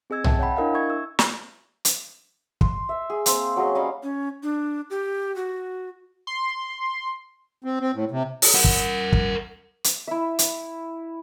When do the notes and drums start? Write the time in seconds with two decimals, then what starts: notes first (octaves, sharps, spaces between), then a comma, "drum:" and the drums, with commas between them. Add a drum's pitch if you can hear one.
0.10 C4 G#4 D#5 E6 G#6
0.24 E5 G5 A5, drum: tom B1
0.39 C#5 F#5 G5 A5 B5
0.56 D4 E4 A#4 D#5 F5
0.74 E5 C#6 G#6
0.90 E6
1.19 drum: snare
1.85 drum: hi-hat
2.61 C6, drum: kick
2.89 E5
3.10 G#4
3.26 A#3 C4, drum: hi-hat
3.56 F#3 C#4 G#4 D#5
3.75 G3 C#4 D#5 F5
4.03 C#4
4.43 D4
4.90 G4
5.36 F#4
6.27 C6
7.64 C4
7.80 C4
7.94 A2
8.11 C3
8.42 drum: open hi-hat
8.54 A#4 F#5
8.64 drum: kick
9.13 drum: kick
9.84 drum: hi-hat
10.07 E4 E5
10.39 drum: hi-hat